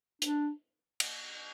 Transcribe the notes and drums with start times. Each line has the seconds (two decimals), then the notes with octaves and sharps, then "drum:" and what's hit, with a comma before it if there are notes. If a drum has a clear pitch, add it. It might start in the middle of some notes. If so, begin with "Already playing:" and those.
0.22 D4, drum: hi-hat
1.00 drum: cymbal